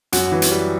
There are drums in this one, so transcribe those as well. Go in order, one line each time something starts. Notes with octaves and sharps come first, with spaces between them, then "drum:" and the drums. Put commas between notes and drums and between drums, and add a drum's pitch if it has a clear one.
F#2 F#4, drum: hi-hat
E3
drum: hi-hat
G3